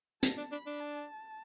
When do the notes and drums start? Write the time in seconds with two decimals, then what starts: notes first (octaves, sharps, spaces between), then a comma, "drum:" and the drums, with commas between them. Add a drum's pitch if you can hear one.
0.23 A5, drum: hi-hat
0.38 D4
0.52 D4 B5
0.66 D4
0.80 A5